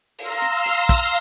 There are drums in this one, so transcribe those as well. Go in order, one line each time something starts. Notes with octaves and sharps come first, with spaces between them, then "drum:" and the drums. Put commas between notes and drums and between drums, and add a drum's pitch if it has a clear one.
F5 A#5 C6 E6 A#6, drum: open hi-hat
drum: hi-hat
drum: hi-hat
drum: kick, hi-hat